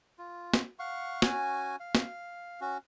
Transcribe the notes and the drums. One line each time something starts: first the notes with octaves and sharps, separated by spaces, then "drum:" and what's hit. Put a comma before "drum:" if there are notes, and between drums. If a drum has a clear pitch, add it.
F4
drum: snare
F5 F#5 C#6
C#4 F#4 G#5, drum: snare
F5
drum: snare
C#4 F#4